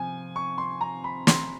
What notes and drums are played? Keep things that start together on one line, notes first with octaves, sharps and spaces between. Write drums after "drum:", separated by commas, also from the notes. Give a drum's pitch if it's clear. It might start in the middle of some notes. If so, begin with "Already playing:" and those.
Already playing: C3 F3 G#5
C#6
C6
A#5
B5
C6, drum: snare